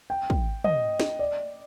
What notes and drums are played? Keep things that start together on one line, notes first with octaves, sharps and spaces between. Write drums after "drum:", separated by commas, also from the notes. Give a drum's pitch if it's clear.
G5
drum: kick
D#5, drum: tom
drum: snare
D5